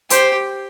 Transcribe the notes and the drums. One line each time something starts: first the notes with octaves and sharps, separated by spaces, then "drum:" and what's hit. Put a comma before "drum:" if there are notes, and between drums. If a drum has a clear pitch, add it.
G4 C5, drum: hi-hat